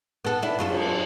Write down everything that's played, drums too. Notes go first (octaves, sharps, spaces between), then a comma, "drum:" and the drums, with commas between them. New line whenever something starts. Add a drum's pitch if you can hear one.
B3 A4
D4 E4
F#2 F4 A4
drum: cymbal